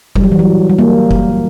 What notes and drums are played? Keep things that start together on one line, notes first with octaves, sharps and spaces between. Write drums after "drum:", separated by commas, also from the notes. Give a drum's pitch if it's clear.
G3, drum: kick F1
F#3
E3
F#3
G3
A#3
drum: kick F1